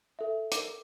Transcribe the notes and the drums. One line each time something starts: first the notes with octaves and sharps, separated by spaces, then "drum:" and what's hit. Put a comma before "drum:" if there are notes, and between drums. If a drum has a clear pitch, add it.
A4 E5
A#4 D6, drum: hi-hat